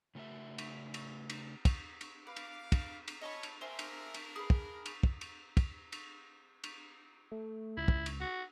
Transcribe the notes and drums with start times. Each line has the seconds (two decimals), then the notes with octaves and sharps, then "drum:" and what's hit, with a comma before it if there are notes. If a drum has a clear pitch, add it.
0.15 C#3 A3 F#4 A#4 E5
0.58 drum: cymbal
0.94 drum: cymbal
1.30 drum: cymbal
1.65 drum: kick, cymbal
2.01 drum: cymbal
2.27 B4 F5 D6
2.36 drum: cymbal
2.72 drum: kick, cymbal
3.08 drum: cymbal
3.21 C#4 C#5 D#5 A5 B5
3.43 drum: cymbal
3.61 A#3 D4 A#4 C5 E5 G#5
3.79 drum: cymbal
4.14 drum: cymbal
4.36 G#4 B4
4.50 drum: kick
4.86 drum: cymbal
5.03 drum: kick
5.21 drum: cymbal
5.57 drum: kick, cymbal
5.92 drum: cymbal
6.64 drum: cymbal
7.32 A3
7.77 C#2 E4
7.88 drum: kick
8.06 drum: cymbal
8.21 F#4